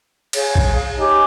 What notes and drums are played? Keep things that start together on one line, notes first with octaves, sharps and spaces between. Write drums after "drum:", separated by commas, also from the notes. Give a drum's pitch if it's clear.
G#4 C#5 F5, drum: cymbal
drum: kick
D#4 G4 C#5 G#5